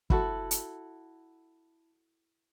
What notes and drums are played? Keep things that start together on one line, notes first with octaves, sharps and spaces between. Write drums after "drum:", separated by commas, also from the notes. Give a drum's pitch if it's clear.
E4 F#4 A4, drum: kick F#1
drum: hi-hat